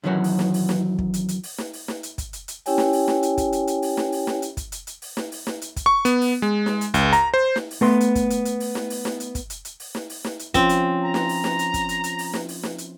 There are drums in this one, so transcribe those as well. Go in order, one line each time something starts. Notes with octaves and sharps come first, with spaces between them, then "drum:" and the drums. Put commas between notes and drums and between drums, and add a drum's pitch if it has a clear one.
F#2 D#3 E3 F#3 C#4 F#4
drum: open hi-hat
drum: snare
drum: open hi-hat
drum: snare
drum: kick
drum: hi-hat
drum: hi-hat
drum: open hi-hat
drum: snare
drum: open hi-hat
drum: snare
drum: hi-hat
drum: kick, hi-hat
drum: hi-hat
drum: hi-hat
C#4 E4 G4 C#5 G5 G#5, drum: open hi-hat
drum: snare
drum: open hi-hat
drum: snare
drum: hi-hat
drum: kick, hi-hat
drum: hi-hat
drum: hi-hat
drum: open hi-hat
drum: snare
drum: open hi-hat
drum: snare
drum: hi-hat
drum: kick, hi-hat
drum: hi-hat
drum: hi-hat
drum: open hi-hat
drum: snare
drum: open hi-hat
drum: snare
drum: hi-hat
drum: kick, hi-hat
C#6
B3, drum: hi-hat
drum: open hi-hat
G#3
drum: snare
drum: hi-hat
C#2, drum: kick, hi-hat
A#5, drum: hi-hat
C5
drum: snare
drum: open hi-hat
A3 B3 C6
drum: hi-hat
drum: kick, hi-hat
drum: hi-hat
drum: hi-hat
drum: open hi-hat
drum: snare
drum: open hi-hat
drum: snare
drum: hi-hat
drum: kick, hi-hat
drum: hi-hat
drum: hi-hat
drum: open hi-hat
drum: snare
drum: open hi-hat
drum: snare
drum: hi-hat
F3 C4 C#4 F4, drum: kick, hi-hat
drum: hi-hat
A#5
drum: snare
drum: open hi-hat
drum: snare
drum: hi-hat
drum: kick, hi-hat
drum: hi-hat
drum: hi-hat
drum: open hi-hat
drum: snare
drum: open hi-hat
drum: snare
drum: hi-hat